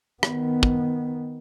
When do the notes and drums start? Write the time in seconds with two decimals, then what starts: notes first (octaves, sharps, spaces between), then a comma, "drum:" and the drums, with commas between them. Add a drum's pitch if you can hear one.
0.23 D#3 B3, drum: rim click
0.63 drum: kick